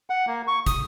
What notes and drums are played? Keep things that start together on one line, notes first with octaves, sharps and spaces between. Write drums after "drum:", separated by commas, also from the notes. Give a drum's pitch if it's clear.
F#5
A#3
C#6
D#6, drum: kick, hi-hat